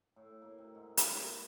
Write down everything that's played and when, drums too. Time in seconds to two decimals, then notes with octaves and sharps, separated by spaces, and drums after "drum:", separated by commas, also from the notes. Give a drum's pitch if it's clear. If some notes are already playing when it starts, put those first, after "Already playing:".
0.16 A2
0.42 A#3
0.58 C3
0.75 G#2
0.97 drum: hi-hat
1.17 A#3